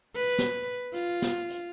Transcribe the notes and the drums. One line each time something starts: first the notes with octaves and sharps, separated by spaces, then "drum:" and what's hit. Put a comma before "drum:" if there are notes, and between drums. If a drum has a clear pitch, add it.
B4
drum: snare
F4, drum: hi-hat
drum: snare
drum: hi-hat